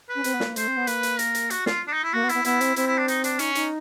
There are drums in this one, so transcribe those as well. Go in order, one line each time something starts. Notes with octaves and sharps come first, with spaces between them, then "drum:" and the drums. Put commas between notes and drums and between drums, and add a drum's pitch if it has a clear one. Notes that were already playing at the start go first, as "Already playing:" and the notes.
B4
C#4
C4, drum: hi-hat
B3
A#3, drum: snare
A3 C5, drum: hi-hat
C4
B3
A#3 B4, drum: hi-hat
drum: hi-hat
A#4, drum: hi-hat
drum: hi-hat
F#4, drum: hi-hat
F4, drum: snare
D4
D#4
E4
A#3 F#4
B3
E4, drum: hi-hat
B3
B3 E4, drum: hi-hat
C4, drum: hi-hat
C4 E4, drum: hi-hat
E4
D4
D#4, drum: hi-hat
D4, drum: hi-hat
C#4 D#4, drum: hi-hat
D#4, drum: hi-hat